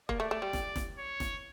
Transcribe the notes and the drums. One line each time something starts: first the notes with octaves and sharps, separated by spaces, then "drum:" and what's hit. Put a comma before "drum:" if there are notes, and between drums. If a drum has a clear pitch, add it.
A#3 D5, drum: kick
A3
A3
G3
drum: snare
drum: snare
C#5
drum: snare